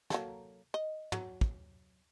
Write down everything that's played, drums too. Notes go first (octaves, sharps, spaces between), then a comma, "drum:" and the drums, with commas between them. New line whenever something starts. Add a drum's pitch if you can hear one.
F#3 A#3 A4, drum: snare
D#5
F#3, drum: tom
drum: kick